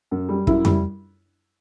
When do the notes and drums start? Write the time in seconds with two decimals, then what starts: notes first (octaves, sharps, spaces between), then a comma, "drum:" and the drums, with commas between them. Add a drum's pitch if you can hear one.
0.11 F#2
0.29 G3
0.47 F#2 E4, drum: kick
0.65 G3, drum: tom F2